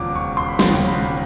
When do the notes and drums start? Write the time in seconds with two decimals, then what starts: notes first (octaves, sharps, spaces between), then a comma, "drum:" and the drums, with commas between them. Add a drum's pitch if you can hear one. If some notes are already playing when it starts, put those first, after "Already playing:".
Already playing: E1 D#2 C#3 F3 D6
0.16 C#6
0.37 C6
0.48 B5
0.59 E1 D#2 C#3 F3 C6, drum: snare
0.88 B5